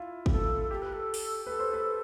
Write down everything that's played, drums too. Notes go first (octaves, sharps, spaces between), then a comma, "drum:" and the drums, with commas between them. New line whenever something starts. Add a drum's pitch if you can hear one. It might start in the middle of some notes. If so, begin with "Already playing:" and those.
Already playing: E4 F4
G4, drum: kick
A4
G4 A4
B4
A4
drum: open hi-hat
A4 B4
C5
B4